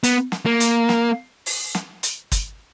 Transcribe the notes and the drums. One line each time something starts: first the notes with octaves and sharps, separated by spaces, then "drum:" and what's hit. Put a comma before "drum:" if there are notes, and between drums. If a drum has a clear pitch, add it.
B3, drum: hi-hat
drum: snare
A#3
drum: hi-hat
drum: snare
drum: open hi-hat
drum: snare
drum: hi-hat
drum: kick, hi-hat